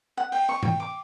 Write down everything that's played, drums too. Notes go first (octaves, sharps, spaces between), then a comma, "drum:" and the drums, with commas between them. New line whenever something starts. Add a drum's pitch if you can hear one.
F#5
G5, drum: open hi-hat
C#6
G5, drum: tom G#2
D6